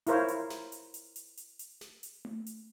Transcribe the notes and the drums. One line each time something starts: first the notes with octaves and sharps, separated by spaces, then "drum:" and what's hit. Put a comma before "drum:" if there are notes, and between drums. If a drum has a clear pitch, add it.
E4 F4 A#4 C5 C#5, drum: hi-hat
drum: hi-hat
drum: snare
drum: hi-hat
drum: hi-hat
drum: hi-hat
drum: hi-hat
drum: hi-hat
drum: snare
drum: hi-hat
drum: tom A3
drum: hi-hat